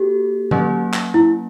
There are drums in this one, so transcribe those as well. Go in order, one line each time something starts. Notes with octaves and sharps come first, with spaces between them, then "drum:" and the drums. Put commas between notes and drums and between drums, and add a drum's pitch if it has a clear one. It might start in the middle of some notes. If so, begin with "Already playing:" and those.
Already playing: A#3 F#4 G4 A4
F#3 A#3 C#4, drum: tom
drum: clap
E4